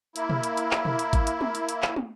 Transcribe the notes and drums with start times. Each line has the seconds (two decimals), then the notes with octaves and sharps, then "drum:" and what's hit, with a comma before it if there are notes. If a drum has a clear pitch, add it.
0.16 A#3 E4, drum: hi-hat
0.30 drum: tom
0.43 drum: hi-hat
0.57 drum: hi-hat
0.71 drum: clap
0.85 drum: tom
0.99 drum: hi-hat
1.13 drum: kick, hi-hat
1.27 drum: hi-hat
1.41 drum: tom
1.55 drum: hi-hat
1.69 drum: hi-hat
1.82 drum: clap
1.96 drum: tom